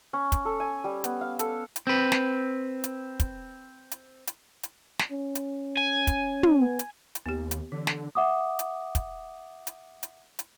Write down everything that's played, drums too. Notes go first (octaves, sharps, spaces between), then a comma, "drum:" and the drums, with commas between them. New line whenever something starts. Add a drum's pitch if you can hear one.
C#4
drum: kick, hi-hat
A4
G#5
G3
B3, drum: hi-hat
F5
A4, drum: hi-hat
drum: hi-hat
C4 B4
drum: snare
drum: hi-hat
drum: kick, hi-hat
drum: hi-hat
drum: hi-hat
drum: hi-hat
drum: snare
C#4
drum: hi-hat
G#5
drum: kick, hi-hat
drum: tom
B3
drum: hi-hat
drum: hi-hat
D#2 B3 G4
drum: hi-hat
D3 E3
drum: snare
E5 F#5 D6 D#6
drum: hi-hat
drum: kick, hi-hat
drum: hi-hat
drum: hi-hat
drum: hi-hat